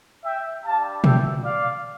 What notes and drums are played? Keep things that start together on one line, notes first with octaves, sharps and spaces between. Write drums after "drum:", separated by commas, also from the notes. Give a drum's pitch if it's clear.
E5 G5
G3 D4 G4 F5 A5
E5 G5, drum: tom A#2
D5 F5